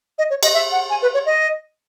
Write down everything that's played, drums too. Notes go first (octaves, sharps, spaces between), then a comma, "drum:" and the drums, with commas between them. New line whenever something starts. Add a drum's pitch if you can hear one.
D#5
C#5
D#5, drum: cymbal
E5
F#5
G#5
B4
C#5
D#5